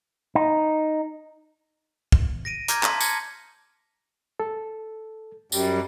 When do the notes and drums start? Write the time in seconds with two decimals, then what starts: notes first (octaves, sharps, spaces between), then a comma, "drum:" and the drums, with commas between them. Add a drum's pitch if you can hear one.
0.35 D#4
2.12 drum: kick
2.45 A#6 D7 D#7
2.68 A#5 D6 F6 G6 G#6 A#6, drum: hi-hat
2.83 A5 C6 B6, drum: clap
3.01 A5 G#6 A#6 C#7, drum: tambourine
4.40 A4
5.52 F#2 G3, drum: tambourine